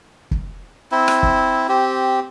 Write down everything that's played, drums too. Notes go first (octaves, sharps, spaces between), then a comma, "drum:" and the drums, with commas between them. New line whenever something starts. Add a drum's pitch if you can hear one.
drum: kick
C4 E4
drum: rim click
drum: kick
C4 G4